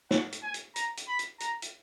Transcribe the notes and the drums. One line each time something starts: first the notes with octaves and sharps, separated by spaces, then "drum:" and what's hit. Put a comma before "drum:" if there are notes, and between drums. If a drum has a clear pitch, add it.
F#5, drum: snare
drum: hi-hat
G#5
drum: hi-hat
A#5, drum: hi-hat
drum: hi-hat
B5
drum: hi-hat
A#5, drum: hi-hat
drum: hi-hat